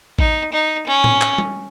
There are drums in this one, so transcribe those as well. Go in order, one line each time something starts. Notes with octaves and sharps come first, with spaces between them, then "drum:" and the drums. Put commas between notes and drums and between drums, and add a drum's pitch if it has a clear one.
D#4, drum: kick A1
D#4
C#4
drum: tom
drum: clap
drum: tom G3